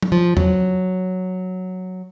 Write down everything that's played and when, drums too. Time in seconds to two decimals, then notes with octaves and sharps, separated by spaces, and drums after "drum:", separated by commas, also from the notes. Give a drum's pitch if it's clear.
0.03 drum: tom
0.12 F3
0.37 F#3, drum: tom E2